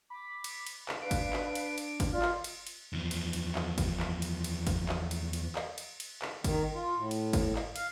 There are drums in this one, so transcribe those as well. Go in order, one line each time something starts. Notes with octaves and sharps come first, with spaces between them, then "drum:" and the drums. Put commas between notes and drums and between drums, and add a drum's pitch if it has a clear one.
B5 D6
drum: cymbal
drum: cymbal
drum: clap
D4 B4 F5 D7
drum: kick G1, cymbal
drum: clap
drum: cymbal
drum: cymbal
drum: kick G1, cymbal
F4 F#4 D5 F5
drum: clap
drum: cymbal
drum: cymbal
E2 F3
drum: cymbal
drum: cymbal
drum: clap
drum: kick G1, cymbal
drum: clap
drum: cymbal
drum: cymbal
drum: kick G1, cymbal
drum: clap
drum: cymbal
drum: cymbal
drum: clap
drum: cymbal
drum: cymbal
drum: clap
D#3, drum: kick G1, cymbal
F4
A2
drum: cymbal
drum: kick G1, cymbal
drum: clap
F5, drum: cymbal